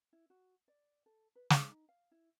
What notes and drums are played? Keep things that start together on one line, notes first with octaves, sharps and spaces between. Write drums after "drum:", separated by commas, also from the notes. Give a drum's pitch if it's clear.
E4
F#4
D5
A4
B4
D#4, drum: snare
D#4
F5
E4